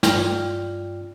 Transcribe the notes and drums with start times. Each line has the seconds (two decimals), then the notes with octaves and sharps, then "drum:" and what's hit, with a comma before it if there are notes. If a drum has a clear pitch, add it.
0.03 G2 F4 D5 G5 F6, drum: snare